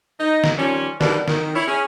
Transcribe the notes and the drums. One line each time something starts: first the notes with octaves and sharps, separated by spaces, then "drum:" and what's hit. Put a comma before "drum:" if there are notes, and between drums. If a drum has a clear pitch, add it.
D#4
drum: snare
D#3 F3 G3 C#4
B2 D#3 G3 D4 E4 B4, drum: snare
D#3, drum: snare
E4 C#5
C#4 G#4